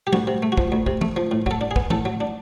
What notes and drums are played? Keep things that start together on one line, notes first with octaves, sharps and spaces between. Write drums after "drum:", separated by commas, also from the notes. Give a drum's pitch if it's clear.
G4
D2 F#4, drum: tom
C3
A3
F#4
F3, drum: kick
D2
C3, drum: kick
A3, drum: tom
F3
A2
F#3 A4, drum: kick
D4
G#4
B3, drum: kick
A2 A4, drum: tom
F#3
D4